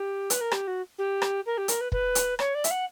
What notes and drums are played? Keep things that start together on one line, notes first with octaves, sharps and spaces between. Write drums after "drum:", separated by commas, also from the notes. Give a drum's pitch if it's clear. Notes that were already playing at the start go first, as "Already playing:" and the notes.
Already playing: G4
B4, drum: hi-hat
A#4
G4, drum: rim click
F#4
G4
drum: rim click
A#4
G4
A#4, drum: hi-hat
B4
B4, drum: kick
drum: hi-hat
C#5, drum: rim click
D5
E5, drum: hi-hat
F#5